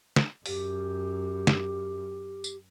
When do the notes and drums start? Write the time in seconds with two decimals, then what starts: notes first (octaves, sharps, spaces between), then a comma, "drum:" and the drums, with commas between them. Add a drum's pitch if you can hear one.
0.16 drum: snare
0.46 F#2 G4, drum: open hi-hat
1.47 drum: snare
2.44 drum: tambourine